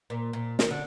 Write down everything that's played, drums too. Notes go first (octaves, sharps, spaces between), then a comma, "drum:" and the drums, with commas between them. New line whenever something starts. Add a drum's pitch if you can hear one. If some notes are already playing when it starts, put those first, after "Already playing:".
A#2
A#2
D#3, drum: snare
D3